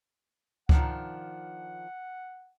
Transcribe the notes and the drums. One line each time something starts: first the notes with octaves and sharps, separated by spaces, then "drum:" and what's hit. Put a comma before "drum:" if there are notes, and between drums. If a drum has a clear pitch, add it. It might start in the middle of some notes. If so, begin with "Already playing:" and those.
D#3 F3 D4 F#5, drum: kick C#2